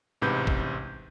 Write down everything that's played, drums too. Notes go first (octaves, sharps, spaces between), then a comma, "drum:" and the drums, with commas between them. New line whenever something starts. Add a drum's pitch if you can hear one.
A1 G#2 C3 B4 G6
drum: kick